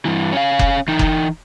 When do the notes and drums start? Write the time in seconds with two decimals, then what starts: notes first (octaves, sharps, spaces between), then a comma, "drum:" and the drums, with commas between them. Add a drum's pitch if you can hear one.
0.05 G2 E3
0.33 C#4 F5
0.59 drum: kick F1
0.88 E3 D#4
0.99 drum: kick F1